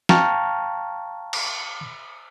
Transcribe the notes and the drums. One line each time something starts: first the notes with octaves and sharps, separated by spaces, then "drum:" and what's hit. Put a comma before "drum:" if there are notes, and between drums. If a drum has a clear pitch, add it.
F5 G5 A5 A#5 C#6 F6, drum: snare
drum: cymbal